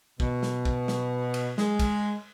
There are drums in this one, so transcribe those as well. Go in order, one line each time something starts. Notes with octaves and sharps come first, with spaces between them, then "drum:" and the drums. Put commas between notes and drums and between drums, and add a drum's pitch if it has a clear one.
B2, drum: kick
drum: snare
drum: kick
drum: snare
drum: cymbal
G#3, drum: snare
drum: kick, cymbal